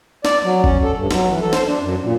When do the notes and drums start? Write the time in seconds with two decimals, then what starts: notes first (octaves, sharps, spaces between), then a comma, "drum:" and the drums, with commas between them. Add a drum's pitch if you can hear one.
0.25 D5, drum: snare
0.44 F#3
0.64 C#4, drum: kick G1
0.84 A4
0.97 G2
1.11 F#3, drum: snare
1.29 E3
1.41 A4
1.53 C5, drum: snare
1.66 D4
1.81 F#2
2.03 A#2